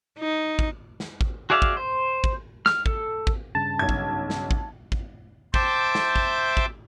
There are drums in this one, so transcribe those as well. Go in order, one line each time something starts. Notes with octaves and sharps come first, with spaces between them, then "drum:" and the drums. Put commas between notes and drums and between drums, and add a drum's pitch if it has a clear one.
D#4
drum: kick
drum: snare
drum: kick
F#4 G#4 D5 E5 F5
drum: kick
C5
drum: kick
F6, drum: snare
A4, drum: kick
drum: kick
G2 C#3 A5
B1 G#6
drum: kick
drum: snare
drum: kick
drum: kick
C5 E5 G5 A5 D6, drum: kick
drum: snare
drum: kick
drum: kick